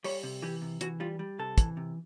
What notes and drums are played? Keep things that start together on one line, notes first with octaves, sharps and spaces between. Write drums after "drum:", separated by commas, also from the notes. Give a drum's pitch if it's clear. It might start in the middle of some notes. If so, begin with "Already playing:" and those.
G3 C#5, drum: open hi-hat
C3
E3 G4
C3
E3 F#4, drum: hi-hat
G3 F4
G3
C3 A4
E3, drum: kick, hi-hat
C3